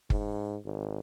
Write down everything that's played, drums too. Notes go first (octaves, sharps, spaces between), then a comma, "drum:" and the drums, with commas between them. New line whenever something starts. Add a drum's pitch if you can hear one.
G#2, drum: kick F#1
G#1